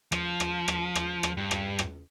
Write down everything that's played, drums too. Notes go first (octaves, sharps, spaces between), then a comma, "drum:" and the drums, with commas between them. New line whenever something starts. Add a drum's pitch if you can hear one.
F3, drum: rim click
drum: rim click
drum: rim click
drum: rim click
drum: rim click
G2
drum: rim click
drum: rim click